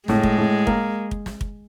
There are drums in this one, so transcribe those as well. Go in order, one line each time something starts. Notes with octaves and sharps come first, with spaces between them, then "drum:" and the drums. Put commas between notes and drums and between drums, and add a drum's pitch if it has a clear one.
A2 G#3, drum: snare
drum: kick
A2
A#3, drum: kick
drum: kick
drum: snare
drum: kick